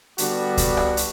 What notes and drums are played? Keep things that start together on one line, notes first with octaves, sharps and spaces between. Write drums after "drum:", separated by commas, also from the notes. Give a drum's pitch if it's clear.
D3 G3 B3 D4 F#4, drum: hi-hat
drum: kick C#2, hi-hat
drum: rim click
drum: hi-hat